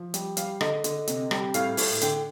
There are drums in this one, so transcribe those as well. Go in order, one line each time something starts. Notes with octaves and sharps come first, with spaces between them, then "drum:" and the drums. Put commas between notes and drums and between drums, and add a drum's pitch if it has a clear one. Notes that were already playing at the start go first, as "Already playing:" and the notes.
Already playing: F3
G3, drum: hi-hat
G3 F5, drum: hi-hat
D3 D#5, drum: rim click
D3, drum: hi-hat
C3, drum: hi-hat
G3, drum: rim click
A2 F5, drum: hi-hat
A2, drum: open hi-hat
D3 G5, drum: hi-hat